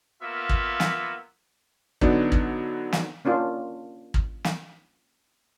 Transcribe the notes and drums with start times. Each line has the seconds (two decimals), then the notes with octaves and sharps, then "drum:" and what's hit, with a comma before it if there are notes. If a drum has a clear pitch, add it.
0.23 A#3 B3 F4 E5
0.49 drum: kick
0.80 drum: snare
2.01 D3 F#3 B3 D4 D#4, drum: kick
2.32 drum: kick
2.93 drum: snare
3.25 A#3 C#4 D4 F4
4.14 drum: kick
4.44 drum: snare